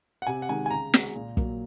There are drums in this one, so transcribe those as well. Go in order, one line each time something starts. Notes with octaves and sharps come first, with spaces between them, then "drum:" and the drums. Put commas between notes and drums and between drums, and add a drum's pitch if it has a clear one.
F#5
C3 G#5
F#5
D#3 G#3 G#5
G#5
C#3 A#5
G#3, drum: snare
A#2
F#3 A#3, drum: kick